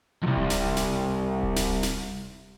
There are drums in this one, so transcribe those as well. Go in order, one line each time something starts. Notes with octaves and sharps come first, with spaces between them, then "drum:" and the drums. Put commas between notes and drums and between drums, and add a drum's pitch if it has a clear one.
C2 F2
drum: kick D1
drum: snare
drum: snare
drum: kick D1
drum: snare
drum: snare